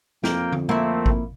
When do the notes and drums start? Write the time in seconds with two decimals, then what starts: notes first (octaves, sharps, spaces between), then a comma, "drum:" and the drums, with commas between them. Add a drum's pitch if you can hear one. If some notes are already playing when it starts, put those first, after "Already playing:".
0.24 F2 A#3 G5, drum: snare
0.53 drum: tom D3
0.69 A3 A#3 C4 E4
1.06 drum: kick G#1